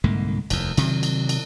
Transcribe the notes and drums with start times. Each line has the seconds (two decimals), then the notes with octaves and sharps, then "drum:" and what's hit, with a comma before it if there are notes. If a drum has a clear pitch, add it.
0.04 C2 G#2 D3 A#3
0.50 F1 D#2, drum: cymbal
0.77 C3 D#3 F#3, drum: cymbal
1.03 drum: cymbal
1.29 drum: cymbal